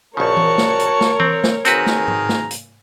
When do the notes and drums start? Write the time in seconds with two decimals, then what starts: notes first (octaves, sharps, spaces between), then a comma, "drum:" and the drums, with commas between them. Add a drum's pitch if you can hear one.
0.17 A#1 C#3 F#4 A#4 C#5 A5 C#6
0.37 drum: tom E3
0.58 drum: snare
0.79 drum: hi-hat
1.01 drum: snare
1.20 C4, drum: tom E3
1.44 drum: snare
1.65 D#3 C4 F#4 G#4 B4 A#5, drum: hi-hat
1.86 drum: snare
2.08 drum: tom G#2
2.29 drum: snare
2.51 drum: hi-hat